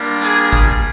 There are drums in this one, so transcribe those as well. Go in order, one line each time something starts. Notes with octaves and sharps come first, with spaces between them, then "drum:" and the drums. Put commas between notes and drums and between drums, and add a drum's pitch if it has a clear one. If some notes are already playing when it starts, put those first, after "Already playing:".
Already playing: G3 A#3 D4 F4
G#4, drum: hi-hat
drum: kick G#1